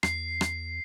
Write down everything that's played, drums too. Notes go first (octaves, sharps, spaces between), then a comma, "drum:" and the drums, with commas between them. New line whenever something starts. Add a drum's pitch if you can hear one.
E2 C7, drum: rim click
drum: rim click